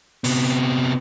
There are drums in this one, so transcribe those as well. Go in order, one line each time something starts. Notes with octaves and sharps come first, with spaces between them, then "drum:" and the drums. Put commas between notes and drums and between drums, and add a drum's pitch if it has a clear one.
C3 B3, drum: open hi-hat